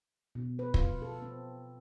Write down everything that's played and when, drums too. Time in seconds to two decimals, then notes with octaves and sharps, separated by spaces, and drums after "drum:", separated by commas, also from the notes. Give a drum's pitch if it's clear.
0.35 B2
0.59 B4
0.74 F4, drum: kick
1.02 A4
1.22 C4